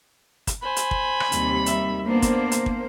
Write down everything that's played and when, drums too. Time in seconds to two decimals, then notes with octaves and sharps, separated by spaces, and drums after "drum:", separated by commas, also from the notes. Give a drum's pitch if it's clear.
0.47 drum: kick, hi-hat
0.63 C5 G#5 B5
0.76 drum: hi-hat
0.91 drum: kick
1.20 drum: rim click
1.32 D#2 C3 G3, drum: hi-hat
1.66 E5, drum: hi-hat
2.08 A#3 B3 D4 C5
2.22 drum: kick, hi-hat
2.52 drum: hi-hat
2.66 drum: kick